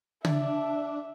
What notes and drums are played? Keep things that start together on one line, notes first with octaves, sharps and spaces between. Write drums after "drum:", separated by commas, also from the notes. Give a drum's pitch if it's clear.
D4 E5, drum: tom